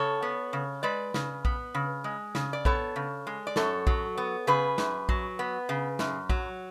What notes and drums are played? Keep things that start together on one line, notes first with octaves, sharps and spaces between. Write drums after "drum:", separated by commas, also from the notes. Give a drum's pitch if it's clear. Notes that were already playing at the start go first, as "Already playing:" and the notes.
Already playing: C#3 A4 C#5
B3
C#3
G#3 B4 D5
C#3, drum: snare
B3, drum: kick A#1
C#3
G#3
C#3, drum: snare
D5
B3 A4 C#5, drum: kick A#1
C#3
G#3
D5
F#2 A4 C#5, drum: snare
F#3, drum: kick A#1
B3
C#3 G#4 B4
F#2, drum: snare
F#3, drum: kick A#1
B3
C#3
F#2, drum: snare
F#3, drum: kick A#1